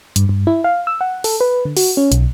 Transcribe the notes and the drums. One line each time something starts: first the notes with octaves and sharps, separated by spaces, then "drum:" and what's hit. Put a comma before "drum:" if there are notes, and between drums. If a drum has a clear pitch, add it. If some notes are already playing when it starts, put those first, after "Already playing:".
G2, drum: hi-hat
G2
E4
F5
E6
F#5
A4, drum: open hi-hat
B4
D3
F#4, drum: open hi-hat
C#4
B1, drum: hi-hat